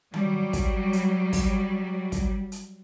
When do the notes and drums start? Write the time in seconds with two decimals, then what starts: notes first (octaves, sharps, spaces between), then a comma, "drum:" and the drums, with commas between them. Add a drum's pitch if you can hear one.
0.14 F#3 G3, drum: tom D#3
0.53 drum: kick, hi-hat
0.93 drum: hi-hat
1.33 drum: kick, open hi-hat
2.12 drum: kick, hi-hat
2.52 drum: hi-hat